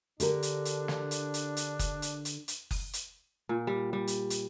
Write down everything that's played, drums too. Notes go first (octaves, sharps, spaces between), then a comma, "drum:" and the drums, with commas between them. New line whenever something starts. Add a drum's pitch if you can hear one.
D3 D4 G4 A#4, drum: hi-hat
drum: hi-hat
drum: hi-hat
drum: snare
drum: hi-hat
drum: hi-hat
drum: hi-hat
drum: kick F#1, hi-hat
drum: hi-hat
drum: hi-hat
drum: hi-hat
drum: kick F#1, open hi-hat
drum: hi-hat
A#2
G3
G3
drum: hi-hat
drum: hi-hat